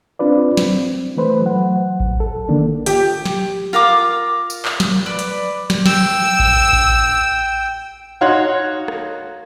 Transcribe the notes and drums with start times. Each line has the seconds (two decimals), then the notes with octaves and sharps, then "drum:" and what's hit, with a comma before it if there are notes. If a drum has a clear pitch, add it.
0.19 C4 D4 F4 B4 D5
0.57 C4, drum: snare
1.17 E3 A3 B4 C5
1.42 F#3 F#5
2.00 drum: kick A1
2.20 A4
2.49 D3 D#3 A#3 D4
2.86 G4, drum: hi-hat
3.25 drum: snare
3.73 F4 A#4 F5 D6
4.50 drum: tambourine
4.65 drum: clap
4.80 drum: snare
5.06 B4 D5 B5
5.19 drum: hi-hat
5.70 drum: snare
5.86 G5 E6, drum: snare
6.39 drum: kick A1
6.73 drum: kick A1
8.21 D#4 F#4 C#5 F5 C6 F#6
8.88 drum: rim click